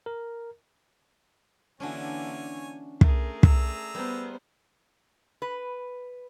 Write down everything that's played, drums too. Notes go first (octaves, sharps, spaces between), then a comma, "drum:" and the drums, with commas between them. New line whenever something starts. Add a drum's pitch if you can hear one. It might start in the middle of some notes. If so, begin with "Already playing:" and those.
A#4
D3 E3 A#3 C#4 D4 F#4 C#5 G#5
A3 G#4 A#4, drum: kick
D4 A#5 E6, drum: kick
G3 B3 A#4 C5
B4